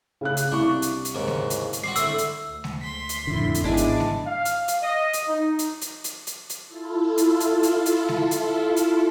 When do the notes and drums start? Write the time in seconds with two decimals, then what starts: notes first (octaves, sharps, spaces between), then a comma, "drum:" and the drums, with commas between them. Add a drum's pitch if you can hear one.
0.21 C#3 F5 F#6
0.37 drum: hi-hat
0.52 C2 D4 C#6
0.82 drum: hi-hat
1.05 drum: hi-hat
1.15 D#2 G#2 C#3
1.28 drum: snare G#3
1.50 drum: hi-hat
1.73 drum: hi-hat
1.84 G3 C4 F#4 C7
1.96 D3 A3 E4 E6, drum: hi-hat
2.18 drum: hi-hat
2.46 D2
2.64 drum: snare G#3
2.81 C6 B6
3.09 drum: hi-hat
3.27 F2 A2 D3 E4
3.55 drum: hi-hat
3.64 G#1 D#3 G#3 B3 D4 E4 G#4 D5
3.77 drum: hi-hat
4.00 drum: snare G#3
4.26 F5
4.45 drum: hi-hat
4.68 drum: hi-hat
4.82 D#5
5.13 drum: hi-hat
5.28 D#4
5.59 drum: hi-hat
5.82 drum: hi-hat
6.04 drum: hi-hat
6.27 drum: hi-hat
6.50 drum: hi-hat
6.67 E4 F4 A4
7.18 drum: hi-hat
7.40 drum: hi-hat
7.63 drum: hi-hat
7.86 drum: hi-hat
8.09 drum: snare G#3
8.31 drum: hi-hat
8.77 drum: hi-hat